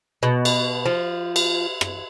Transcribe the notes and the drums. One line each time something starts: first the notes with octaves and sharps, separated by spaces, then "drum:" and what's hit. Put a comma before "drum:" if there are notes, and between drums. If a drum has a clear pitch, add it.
B2
drum: cymbal
F3
drum: cymbal
drum: rim click